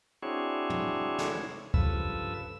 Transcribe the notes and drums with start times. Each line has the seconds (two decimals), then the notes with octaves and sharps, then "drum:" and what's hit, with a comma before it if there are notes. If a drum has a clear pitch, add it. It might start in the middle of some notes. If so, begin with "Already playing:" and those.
0.23 C4 D4 E4 F#4 G#4 C#5
0.70 drum: tom
1.19 drum: snare
1.74 G2 C#3 F3 A4 B4 E6, drum: kick